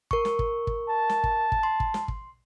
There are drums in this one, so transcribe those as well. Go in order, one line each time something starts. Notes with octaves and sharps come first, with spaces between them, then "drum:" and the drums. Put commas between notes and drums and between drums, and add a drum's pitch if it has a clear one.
A#4 C#6, drum: kick
drum: snare
drum: kick
drum: kick
A5
drum: snare
drum: kick
drum: kick
C6
drum: kick
drum: snare
drum: kick